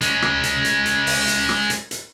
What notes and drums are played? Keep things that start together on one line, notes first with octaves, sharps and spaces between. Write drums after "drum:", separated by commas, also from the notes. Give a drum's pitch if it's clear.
G#3 C#4, drum: hi-hat
drum: rim click
drum: hi-hat
drum: hi-hat
drum: hi-hat
drum: open hi-hat
drum: hi-hat
drum: rim click
drum: hi-hat
drum: hi-hat